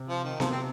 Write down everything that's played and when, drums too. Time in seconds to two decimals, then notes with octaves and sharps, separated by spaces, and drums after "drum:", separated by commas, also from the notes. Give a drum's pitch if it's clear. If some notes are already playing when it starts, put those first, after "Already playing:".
Already playing: C3
0.09 F3
0.24 D#3
0.40 C3 F3, drum: snare B3
0.51 C4